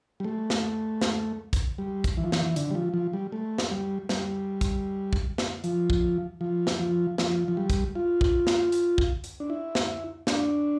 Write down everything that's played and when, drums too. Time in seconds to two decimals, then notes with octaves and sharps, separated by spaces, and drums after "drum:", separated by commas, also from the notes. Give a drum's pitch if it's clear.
0.20 G3
0.24 A3
0.50 drum: snare
1.01 drum: snare
1.53 drum: kick, hi-hat
1.78 G3
2.04 drum: kick, hi-hat
2.17 E3
2.24 F3
2.32 E3, drum: snare
2.46 E3
2.56 D3, drum: hi-hat
2.71 G3
2.75 F3
2.94 F3
3.13 G3
3.32 A3
3.58 drum: snare
3.71 G3
4.09 G3, drum: snare
4.61 drum: kick, hi-hat
5.13 drum: kick
5.38 drum: snare
5.64 F3, drum: hi-hat
5.90 drum: kick
6.41 F3
6.67 drum: snare
6.80 F3
7.18 F3, drum: snare
7.48 F3
7.57 G3
7.70 drum: kick, hi-hat
7.95 F4
8.21 drum: kick
8.47 drum: snare
8.72 drum: hi-hat
8.98 drum: kick
9.24 drum: hi-hat
9.40 D4
9.50 E4
9.75 drum: snare
10.27 D4, drum: snare